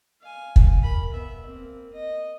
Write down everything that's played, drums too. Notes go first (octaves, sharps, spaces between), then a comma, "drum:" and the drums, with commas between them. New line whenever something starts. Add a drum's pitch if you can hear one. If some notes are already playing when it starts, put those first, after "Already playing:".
F5 G#5
drum: kick
A#4 B5
B3 E5
A#3 C4
D#5